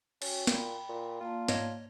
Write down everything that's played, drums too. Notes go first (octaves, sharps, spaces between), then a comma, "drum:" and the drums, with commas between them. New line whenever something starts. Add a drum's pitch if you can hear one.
C#4 F#4 G5, drum: cymbal
A#2 G5 B5, drum: snare
A#2
A#3 F4 D5 A5
G#2 C#5 D#5, drum: snare